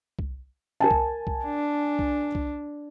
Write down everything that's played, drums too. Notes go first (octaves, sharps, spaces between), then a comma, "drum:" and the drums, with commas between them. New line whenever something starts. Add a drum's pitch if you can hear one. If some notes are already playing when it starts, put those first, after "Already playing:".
drum: kick C2
A#4 G#5 A5
drum: kick C2
drum: kick C2
D4
drum: kick C2
drum: kick C2